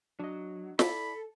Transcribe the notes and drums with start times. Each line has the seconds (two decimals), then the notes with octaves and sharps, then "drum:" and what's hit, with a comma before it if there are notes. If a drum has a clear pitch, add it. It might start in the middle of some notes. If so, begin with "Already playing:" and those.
0.20 F#3 D4 D#5
0.79 E4 A4 D5 B5, drum: snare